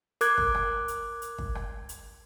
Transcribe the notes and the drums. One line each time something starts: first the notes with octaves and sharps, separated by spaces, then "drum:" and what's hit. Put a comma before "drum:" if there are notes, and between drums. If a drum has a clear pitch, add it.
A#4 D6 F#6 G#6, drum: hi-hat
drum: kick
drum: rim click
drum: hi-hat
drum: hi-hat
drum: kick
drum: rim click
drum: hi-hat